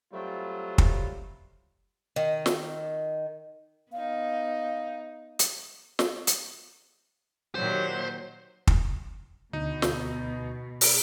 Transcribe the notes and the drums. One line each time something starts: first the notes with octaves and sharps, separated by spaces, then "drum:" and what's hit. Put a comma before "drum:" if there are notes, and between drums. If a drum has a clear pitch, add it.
F#3 G3 A3 C4 F4
drum: kick
D#3
drum: snare
B3 D#4 F5
drum: hi-hat
drum: snare
drum: hi-hat
A#2 D#3 F#3 G4 C5
drum: kick
D2 B2 D#4
drum: snare
drum: open hi-hat